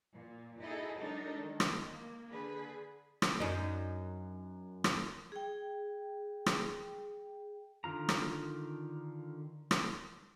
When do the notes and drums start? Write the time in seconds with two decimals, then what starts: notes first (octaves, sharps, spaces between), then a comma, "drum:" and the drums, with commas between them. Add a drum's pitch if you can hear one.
0.15 A#2
0.61 D#4 E4 F#4 G#4 A4 D#5
0.98 F#3 G#3 D4 D#4 A4 A#4
1.40 D#3
1.60 drum: rim click
1.87 A#3
2.30 D3 G#4 B4
3.22 drum: rim click
3.40 F#2 D#4
4.84 drum: rim click
5.32 G#4 G5
6.46 drum: rim click
7.84 D3 D#3 F4 A#5
8.09 drum: rim click
9.71 drum: rim click